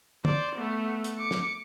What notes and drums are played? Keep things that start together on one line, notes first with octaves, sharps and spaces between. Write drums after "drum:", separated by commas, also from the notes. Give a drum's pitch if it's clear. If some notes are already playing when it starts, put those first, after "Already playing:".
C5 D5, drum: tom
A3 B3
drum: hi-hat
D6 C#7
drum: snare